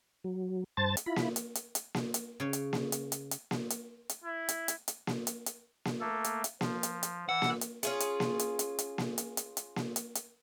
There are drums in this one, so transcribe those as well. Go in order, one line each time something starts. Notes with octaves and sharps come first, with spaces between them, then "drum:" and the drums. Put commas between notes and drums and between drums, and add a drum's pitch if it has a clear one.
F#3
G2 C5 A5 A6
drum: hi-hat
E4 F4 B5
drum: snare A#3
drum: hi-hat
drum: hi-hat
drum: hi-hat
drum: snare A#3
drum: hi-hat
C#3 C#5
drum: hi-hat
drum: snare A#3
drum: hi-hat
drum: hi-hat
drum: hi-hat
drum: snare A#3
drum: hi-hat
drum: hi-hat
E4
drum: hi-hat
drum: hi-hat
drum: hi-hat
drum: snare A#3
drum: hi-hat
drum: hi-hat
drum: snare A#3
A3 A#3 A4
drum: hi-hat
drum: hi-hat
F3, drum: snare A#3
drum: hi-hat
drum: hi-hat
E3 F#5 E6
drum: snare A#3
drum: hi-hat
C#4 F4 G#4, drum: hi-hat
drum: hi-hat
drum: snare A#3
drum: hi-hat
drum: hi-hat
drum: hi-hat
drum: snare A#3
drum: hi-hat
drum: hi-hat
drum: hi-hat
drum: snare A#3
drum: hi-hat
drum: hi-hat